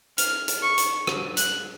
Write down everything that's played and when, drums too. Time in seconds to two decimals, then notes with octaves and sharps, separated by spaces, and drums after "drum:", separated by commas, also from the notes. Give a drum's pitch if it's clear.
0.18 F6, drum: hi-hat
0.48 drum: hi-hat
0.62 C#6
0.78 drum: hi-hat
1.07 drum: rim click
1.37 F#6, drum: hi-hat